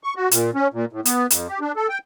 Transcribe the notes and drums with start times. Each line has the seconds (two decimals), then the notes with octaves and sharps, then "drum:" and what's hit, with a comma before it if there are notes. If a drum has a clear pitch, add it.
0.04 C#6
0.16 F#4
0.31 A#2, drum: hi-hat
0.55 C#4
0.74 A#2
0.93 A2
1.05 B3, drum: hi-hat
1.30 F2, drum: hi-hat
1.49 G4
1.61 D4
1.76 A4
1.89 G5